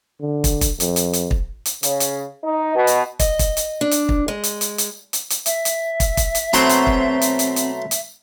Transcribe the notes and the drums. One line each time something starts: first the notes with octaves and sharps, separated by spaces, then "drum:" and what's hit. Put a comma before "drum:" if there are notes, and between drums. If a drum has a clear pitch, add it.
D3
drum: kick, hi-hat
drum: kick, hi-hat
F2, drum: hi-hat
drum: hi-hat
drum: hi-hat
drum: kick
drum: hi-hat
C#3, drum: hi-hat
drum: hi-hat
D#4
B2
drum: hi-hat
D#5, drum: kick, hi-hat
drum: kick, hi-hat
drum: hi-hat
D4
drum: hi-hat
drum: kick
G#3
drum: hi-hat
drum: hi-hat
drum: hi-hat
drum: hi-hat
drum: hi-hat
E5, drum: hi-hat
drum: hi-hat
drum: kick, hi-hat
drum: kick, hi-hat
drum: hi-hat
B2 F#3 A3 C4 A#5 C6, drum: hi-hat
drum: hi-hat
drum: kick
drum: hi-hat
drum: hi-hat
drum: hi-hat
drum: hi-hat